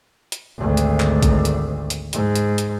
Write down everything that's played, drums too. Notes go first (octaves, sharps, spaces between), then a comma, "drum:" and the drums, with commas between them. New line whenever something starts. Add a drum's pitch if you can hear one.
drum: hi-hat
G#1 D2
drum: hi-hat
drum: clap
drum: kick A#1, hi-hat
drum: hi-hat
drum: hi-hat
G#2, drum: hi-hat
drum: hi-hat
drum: hi-hat